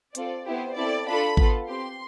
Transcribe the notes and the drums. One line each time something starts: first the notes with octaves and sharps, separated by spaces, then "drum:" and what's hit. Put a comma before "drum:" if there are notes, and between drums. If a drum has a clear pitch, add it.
C4 F4 A4 D5, drum: hi-hat
B3 E4 G4 C5
C4 E4 A4 D5
D4 F4 A4 B5
B3 F4 A4, drum: kick G#1
C4 G4 C6